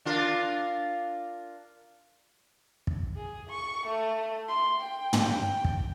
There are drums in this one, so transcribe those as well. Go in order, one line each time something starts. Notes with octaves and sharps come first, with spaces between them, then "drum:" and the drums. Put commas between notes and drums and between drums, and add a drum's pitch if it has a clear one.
D4 F4 A#4
drum: kick
G#4
C#6
A3
C6
G5
drum: tom
G5
drum: kick